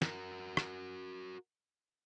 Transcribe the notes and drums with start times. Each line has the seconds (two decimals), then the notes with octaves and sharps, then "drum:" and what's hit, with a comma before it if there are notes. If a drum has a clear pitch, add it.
0.02 F#4 A#4, drum: snare
0.57 drum: rim click